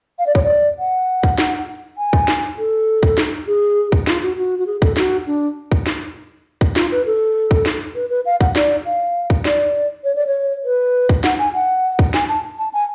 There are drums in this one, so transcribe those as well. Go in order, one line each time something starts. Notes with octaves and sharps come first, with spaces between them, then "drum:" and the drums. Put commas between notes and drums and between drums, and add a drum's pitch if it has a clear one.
F5
D5
C#5, drum: kick
D5
F#5
drum: kick
drum: snare
G#5
drum: kick
drum: snare
A4
drum: kick
drum: snare
G#4
drum: kick
F4, drum: snare
F#4
F#4
F#4
G#4
A4, drum: kick
F#4, drum: snare
D4
drum: kick
drum: snare
drum: kick
F4, drum: snare
B4
A4
drum: kick
drum: snare
B4
B4
F5
F#5, drum: kick
D5, drum: snare
F5
drum: kick
D5, drum: snare
C#5
D5
C#5
B4
drum: kick
F#5, drum: snare
G#5
F#5
drum: kick
G#5, drum: snare
A5
A5
G#5